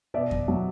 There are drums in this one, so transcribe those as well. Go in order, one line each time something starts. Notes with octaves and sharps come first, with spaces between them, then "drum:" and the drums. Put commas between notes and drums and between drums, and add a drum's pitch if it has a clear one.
B2 D5 E5
drum: kick F2
F#3